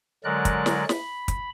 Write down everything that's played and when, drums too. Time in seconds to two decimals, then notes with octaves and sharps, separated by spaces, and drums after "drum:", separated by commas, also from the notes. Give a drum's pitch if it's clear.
0.24 D3 F#3 G#3 A#4 D5 F#6
0.45 drum: kick, hi-hat
0.66 drum: snare
0.89 B5, drum: snare
1.28 drum: kick, hi-hat